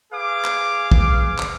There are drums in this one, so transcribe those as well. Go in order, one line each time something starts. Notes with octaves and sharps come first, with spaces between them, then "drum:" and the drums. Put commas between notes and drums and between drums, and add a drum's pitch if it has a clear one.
G#4 B4 F5 D6
drum: clap
drum: kick
drum: clap